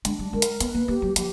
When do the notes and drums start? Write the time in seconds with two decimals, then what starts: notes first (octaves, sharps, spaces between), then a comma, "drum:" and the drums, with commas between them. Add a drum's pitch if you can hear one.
0.05 G#3 D4, drum: hi-hat
0.19 G3
0.33 G#3 A#4
0.42 drum: hi-hat
0.60 B3 B4, drum: hi-hat
0.75 A#3
0.88 A#3 G4
1.02 F#3
1.16 F3 G4, drum: hi-hat